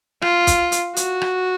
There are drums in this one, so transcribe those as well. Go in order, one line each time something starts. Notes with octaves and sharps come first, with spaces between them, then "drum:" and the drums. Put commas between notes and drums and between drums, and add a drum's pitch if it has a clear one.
F4, drum: rim click
drum: kick, hi-hat
drum: hi-hat
F#4, drum: hi-hat
drum: rim click